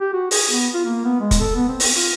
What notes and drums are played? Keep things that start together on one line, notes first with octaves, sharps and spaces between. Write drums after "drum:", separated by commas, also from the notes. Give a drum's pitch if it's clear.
G4
F#4
G#4, drum: open hi-hat
B3
F4
A#3
B3
G#3
drum: kick, hi-hat
A4
B3
C4
drum: open hi-hat
F4